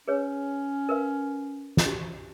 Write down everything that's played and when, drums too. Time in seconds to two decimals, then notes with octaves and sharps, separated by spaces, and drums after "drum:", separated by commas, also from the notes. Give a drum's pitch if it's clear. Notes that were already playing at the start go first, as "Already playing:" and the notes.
0.08 C#4 G#4 B4 C#5
0.89 A#4 B4 F5
1.77 drum: snare
1.86 F#4 G4